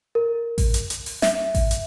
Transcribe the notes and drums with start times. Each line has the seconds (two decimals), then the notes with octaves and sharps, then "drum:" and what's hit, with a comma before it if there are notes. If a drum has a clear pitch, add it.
0.15 A#4
0.58 drum: kick A1, open hi-hat
0.74 drum: hi-hat
0.90 drum: hi-hat
1.06 drum: open hi-hat
1.22 E5, drum: snare
1.55 drum: kick A1, open hi-hat
1.71 drum: hi-hat